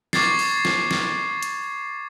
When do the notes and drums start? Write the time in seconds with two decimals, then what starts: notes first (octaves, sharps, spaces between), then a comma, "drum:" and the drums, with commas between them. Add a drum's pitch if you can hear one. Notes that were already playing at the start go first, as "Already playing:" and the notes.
0.13 C#6 D6 G#6 A6 C7, drum: snare
0.39 drum: open hi-hat
0.65 drum: snare
0.91 drum: snare
1.43 drum: hi-hat